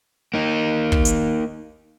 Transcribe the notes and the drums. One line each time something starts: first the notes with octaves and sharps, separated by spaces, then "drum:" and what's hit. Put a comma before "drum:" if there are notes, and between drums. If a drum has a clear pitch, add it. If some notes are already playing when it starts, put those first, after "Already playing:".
A#3 D#4
drum: kick
drum: hi-hat